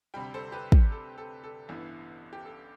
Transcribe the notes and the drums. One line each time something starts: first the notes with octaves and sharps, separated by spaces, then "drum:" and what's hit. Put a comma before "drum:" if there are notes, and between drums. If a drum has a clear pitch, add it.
D2 C3 G3 G5 B5
A4 C5
G4 B4
drum: kick
A4
A4
A4
A1 G2 E3 B3 E4
G4
A4